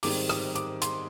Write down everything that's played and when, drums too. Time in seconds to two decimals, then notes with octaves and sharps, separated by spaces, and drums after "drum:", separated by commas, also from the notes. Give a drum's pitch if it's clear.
0.03 G#2 D#3 G3 C4 D6, drum: open hi-hat
0.29 D#6, drum: rim click
0.56 D6, drum: hi-hat
0.82 C6, drum: hi-hat